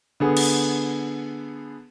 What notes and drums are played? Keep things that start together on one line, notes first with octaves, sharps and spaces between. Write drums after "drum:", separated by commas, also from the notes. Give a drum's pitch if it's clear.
D3 B3 G#4
drum: cymbal